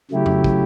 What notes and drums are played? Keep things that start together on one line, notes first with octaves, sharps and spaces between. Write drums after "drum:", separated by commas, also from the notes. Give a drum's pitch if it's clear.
C#3 F#3 A3 E4 G4
drum: tom F2
drum: kick